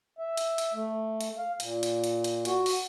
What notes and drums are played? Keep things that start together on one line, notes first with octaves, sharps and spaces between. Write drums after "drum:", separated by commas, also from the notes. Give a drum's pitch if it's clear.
E5
drum: hi-hat
drum: hi-hat
A3
drum: hi-hat
F5
A#2, drum: hi-hat
drum: hi-hat
drum: hi-hat
drum: hi-hat
F#4, drum: hi-hat
drum: open hi-hat